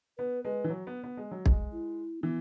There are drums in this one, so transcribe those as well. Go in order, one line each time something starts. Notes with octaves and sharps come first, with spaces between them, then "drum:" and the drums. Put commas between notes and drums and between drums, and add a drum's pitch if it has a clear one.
B3 B4
G#3 B4
E3
F#3
B3
B3
G#3
F#3
G#3, drum: kick
E4
E3 B3